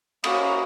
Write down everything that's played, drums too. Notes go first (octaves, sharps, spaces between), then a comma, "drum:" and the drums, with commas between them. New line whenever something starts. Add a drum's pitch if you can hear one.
A#3 C#4 F#4 B5 D#6, drum: cymbal
A#5 C#6